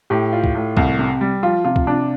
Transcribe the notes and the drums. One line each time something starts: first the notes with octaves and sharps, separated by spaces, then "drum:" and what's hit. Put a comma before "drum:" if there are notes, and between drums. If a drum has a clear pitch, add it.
A2 G4
F4
drum: kick
A2
C2, drum: kick
C3
G3
F3 F4
C3 F4
drum: kick
C3 D4